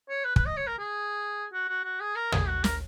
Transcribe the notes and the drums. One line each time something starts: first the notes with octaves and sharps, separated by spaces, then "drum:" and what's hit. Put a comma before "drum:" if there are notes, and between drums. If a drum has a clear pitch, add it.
C#5
B4
B4, drum: kick
D#5
C#5
A#4
G#4
F#4
F#4
F#4
G#4
A#4
G#4, drum: tom
F#4
A#4, drum: snare